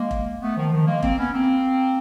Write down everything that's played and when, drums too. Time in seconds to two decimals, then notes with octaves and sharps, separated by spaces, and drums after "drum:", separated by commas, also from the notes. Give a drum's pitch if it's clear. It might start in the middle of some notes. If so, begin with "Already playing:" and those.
Already playing: G#3 A#3
0.11 drum: kick F1
0.41 A3 B3
0.57 D#3 F3
0.72 D#3 F3
0.87 G#3 A#3
1.03 A#3 C4, drum: kick F1
1.18 B3 C#4
1.33 A#3 C4